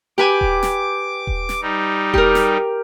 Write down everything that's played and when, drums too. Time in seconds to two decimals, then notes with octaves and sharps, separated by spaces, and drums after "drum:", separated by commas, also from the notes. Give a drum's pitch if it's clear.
0.18 G4 B4 G#5 D6
0.41 drum: kick D#1
0.63 drum: snare
1.27 drum: kick D#1
1.49 drum: snare
1.61 G3 D#4
2.14 G4 A#4, drum: kick D#1
2.35 drum: snare